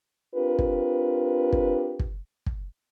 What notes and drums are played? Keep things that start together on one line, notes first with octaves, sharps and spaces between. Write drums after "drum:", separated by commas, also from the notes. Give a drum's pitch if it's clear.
C4 D4 F4 G4 A#4 B4
drum: kick
drum: kick
drum: kick
drum: kick